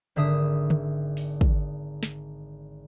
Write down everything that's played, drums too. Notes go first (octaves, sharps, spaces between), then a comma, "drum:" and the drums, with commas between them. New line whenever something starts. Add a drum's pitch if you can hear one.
G#1 D3 E5 D#6
drum: tom D3
drum: open hi-hat
drum: kick
drum: snare